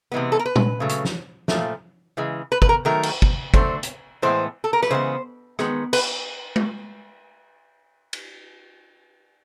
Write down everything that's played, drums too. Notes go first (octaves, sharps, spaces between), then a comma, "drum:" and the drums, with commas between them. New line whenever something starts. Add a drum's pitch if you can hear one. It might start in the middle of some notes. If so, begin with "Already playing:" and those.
C3 E3 G#3 B3
A4
A#4
B4
drum: tom A#2
C#3 F#3 A3
drum: hi-hat
drum: snare
A#2 F3 A3, drum: snare
C#3 E3 G#3
B4
B4, drum: kick
A#4
D#3 F#3 A3 A#4
drum: cymbal
drum: kick
D3 F#3 A3 C5, drum: kick
drum: hi-hat
A2 E3 G#3 B3 C5
A4
A#4
B4, drum: rim click
C#3 E3 G#3 B3 C5
D#3 G#3 B3, drum: rim click
B4, drum: cymbal
drum: tom G#3
drum: cymbal